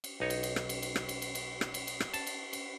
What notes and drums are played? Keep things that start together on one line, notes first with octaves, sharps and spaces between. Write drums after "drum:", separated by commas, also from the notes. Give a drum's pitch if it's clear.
drum: cymbal
B1 D#4 C#5
drum: cymbal
drum: cymbal
drum: rim click
drum: cymbal
drum: cymbal
drum: rim click
drum: cymbal
drum: cymbal
drum: cymbal
drum: rim click
drum: cymbal
drum: cymbal
drum: rim click
A5, drum: cymbal
drum: cymbal
drum: cymbal